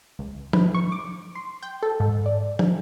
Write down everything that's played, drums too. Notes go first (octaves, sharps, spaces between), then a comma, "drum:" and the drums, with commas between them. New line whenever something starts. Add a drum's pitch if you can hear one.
C#2
B4, drum: tom
C#6
D6
C6
G5
A4
G#2
D5
drum: tom